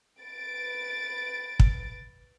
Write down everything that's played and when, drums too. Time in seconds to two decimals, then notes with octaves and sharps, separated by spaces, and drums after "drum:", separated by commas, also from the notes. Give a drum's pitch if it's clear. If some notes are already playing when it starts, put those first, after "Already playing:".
0.22 B4 A6 D7
1.60 drum: kick